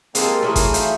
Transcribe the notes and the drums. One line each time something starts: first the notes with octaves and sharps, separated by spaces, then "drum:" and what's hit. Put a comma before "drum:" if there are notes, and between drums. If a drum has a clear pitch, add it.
G#3 A#3 C4 F4 A4, drum: hi-hat
G4 A#4
E3 F#3 A3 G#4 A#5 C6 F6
drum: kick G1, hi-hat
E5 F5 G6, drum: hi-hat